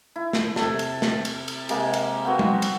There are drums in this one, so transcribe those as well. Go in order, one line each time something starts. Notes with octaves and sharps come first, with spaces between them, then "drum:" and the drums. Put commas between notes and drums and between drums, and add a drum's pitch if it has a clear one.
E4
drum: snare
C3 A4, drum: snare
drum: cymbal
drum: snare
drum: cymbal
drum: cymbal
C3 G#3 A#3, drum: cymbal
drum: cymbal
B3 C4 F#4
drum: tom G3
drum: cymbal